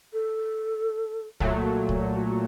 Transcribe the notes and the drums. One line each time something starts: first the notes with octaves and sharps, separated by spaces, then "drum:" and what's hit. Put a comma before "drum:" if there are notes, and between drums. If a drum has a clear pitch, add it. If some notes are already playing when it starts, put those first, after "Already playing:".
A4
A#2 F#3 A3 F#4, drum: kick C2
drum: kick C2